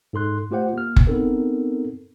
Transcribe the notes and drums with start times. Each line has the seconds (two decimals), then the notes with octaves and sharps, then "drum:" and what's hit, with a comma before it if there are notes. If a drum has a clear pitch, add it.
0.13 G#2 A4 C6 F#6
0.51 A3 F4 G4 C5 F#5
0.74 A#3 F6
0.96 drum: kick F#1
1.07 B3 C4 D#4 A4 A#4